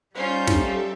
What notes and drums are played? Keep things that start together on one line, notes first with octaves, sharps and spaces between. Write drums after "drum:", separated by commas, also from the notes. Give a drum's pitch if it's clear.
G3 C#4 D#4 F4 C5 G6
G4 A4 E5, drum: snare